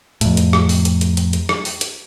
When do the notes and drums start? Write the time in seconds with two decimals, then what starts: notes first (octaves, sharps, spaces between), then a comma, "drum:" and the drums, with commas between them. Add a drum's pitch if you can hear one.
0.21 F2 A2, drum: hi-hat
0.37 drum: hi-hat
0.53 drum: rim click
0.69 drum: open hi-hat
0.85 drum: hi-hat
1.01 drum: hi-hat
1.17 drum: hi-hat
1.33 drum: hi-hat
1.49 drum: rim click
1.65 drum: open hi-hat
1.81 drum: hi-hat